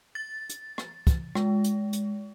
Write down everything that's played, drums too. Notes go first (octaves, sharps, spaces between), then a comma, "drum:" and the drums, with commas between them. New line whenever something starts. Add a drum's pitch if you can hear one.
A6
drum: hi-hat
drum: rim click
drum: kick, hi-hat
G#3, drum: rim click
drum: hi-hat
drum: hi-hat